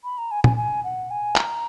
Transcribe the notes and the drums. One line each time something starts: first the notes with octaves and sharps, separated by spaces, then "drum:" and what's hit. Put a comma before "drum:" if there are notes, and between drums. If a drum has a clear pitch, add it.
B5
A#5
G#5
G#5, drum: tom
G#5
F#5
G#5
A#5, drum: clap